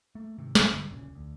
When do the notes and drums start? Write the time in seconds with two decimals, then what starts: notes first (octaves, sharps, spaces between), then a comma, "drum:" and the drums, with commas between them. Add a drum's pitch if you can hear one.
0.15 A3 A#3
0.38 G#2 C3 D#3
0.55 B1 C#3, drum: snare
0.72 E1 G2 D3 G3
0.90 E1 B1 A#2 C#3
1.15 D2